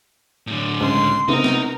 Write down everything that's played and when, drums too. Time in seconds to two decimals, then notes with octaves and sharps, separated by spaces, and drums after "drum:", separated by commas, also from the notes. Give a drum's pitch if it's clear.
0.47 A2 D3
0.80 C#2 C6
1.28 C3 B3 D#4 A#4, drum: tom C3
1.44 drum: snare